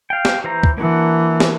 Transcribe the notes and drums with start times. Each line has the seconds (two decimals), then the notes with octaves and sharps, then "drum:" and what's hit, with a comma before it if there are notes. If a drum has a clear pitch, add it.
0.10 F5 G5
0.25 drum: snare
0.44 E3 C5 A#5
0.63 drum: kick
0.78 E3 A#3 D4 F#4
1.40 drum: snare